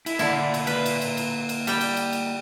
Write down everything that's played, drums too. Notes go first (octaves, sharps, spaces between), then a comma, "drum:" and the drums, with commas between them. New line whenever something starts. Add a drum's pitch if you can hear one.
E4, drum: cymbal
D3 A#3 E4 D5, drum: cymbal
drum: cymbal
B4, drum: cymbal
drum: cymbal
drum: cymbal
drum: cymbal
drum: cymbal
G3 G5, drum: cymbal
drum: cymbal
drum: cymbal
drum: cymbal